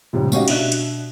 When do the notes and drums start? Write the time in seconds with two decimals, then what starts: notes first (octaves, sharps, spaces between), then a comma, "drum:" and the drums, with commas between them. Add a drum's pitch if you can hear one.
0.13 A#1 G#2 C#3 G3
0.32 A3 C#4 F#4 G4 D#5 F5, drum: tambourine
0.48 B2 D4 E5 F#6, drum: cymbal
0.72 drum: hi-hat